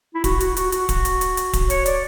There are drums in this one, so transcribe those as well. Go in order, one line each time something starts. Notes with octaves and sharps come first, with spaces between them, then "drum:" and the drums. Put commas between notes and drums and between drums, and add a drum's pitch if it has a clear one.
E4
F#4, drum: kick D1, hi-hat
F#4, drum: hi-hat
F#4, drum: hi-hat
F#4, drum: hi-hat
drum: kick D1, hi-hat
drum: hi-hat
drum: hi-hat
drum: hi-hat
drum: kick D1, hi-hat
C#5, drum: hi-hat
D5, drum: hi-hat